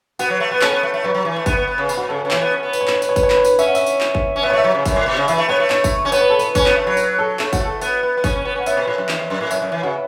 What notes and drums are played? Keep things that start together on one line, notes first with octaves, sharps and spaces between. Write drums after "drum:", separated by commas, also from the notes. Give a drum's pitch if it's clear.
B3 F#4, drum: tambourine
F#3
A3
B3 B4
C#4 A4, drum: clap
B3
A3
A3
F#3 B4
F#3
E3
A3
B3, drum: kick, tambourine
B3
B3
C#3
B2, drum: tambourine
F#4
C#3 A4
C#3 B4
E3 C#5, drum: clap
B3
C#4
B3
B4, drum: tambourine
C#5
B4, drum: clap
C#5
B4, drum: tambourine
C#5
B4, drum: kick, tambourine
C#5
B4, drum: clap
C#5
B4, drum: tambourine
C#4 E5, drum: tambourine
F#5
E5, drum: tambourine
drum: tambourine
drum: clap
drum: kick
C#4
B3 E5
C#5
A3 E5
F#3
C#3
F#2, drum: kick, tambourine
A2
B2
C#3
E3 E5, drum: tambourine
A3
B3 C#5
A3
C#5, drum: clap
drum: kick, tambourine
C#4
B3 C#5, drum: tambourine
B4
A4
B4, drum: tambourine
C#4, drum: kick, tambourine
B3, drum: clap
A3
F#3
B4, drum: tambourine
A4
A3 A4, drum: clap
F#4, drum: kick, tambourine
A3 A4
B3, drum: tambourine
B3
B3
C#4 B4, drum: kick, tambourine
C#4
B3
C#4 F#5
B3 E5, drum: tambourine
B2
A2
F#2
E2, drum: clap
E2
F#2
A2
F#2 E5, drum: tambourine
F#2 E5
E3
C#3 F#4